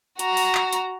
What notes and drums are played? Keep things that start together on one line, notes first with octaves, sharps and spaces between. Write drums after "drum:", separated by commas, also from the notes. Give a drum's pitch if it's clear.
F#4 A#5, drum: hi-hat
drum: open hi-hat
drum: clap
drum: hi-hat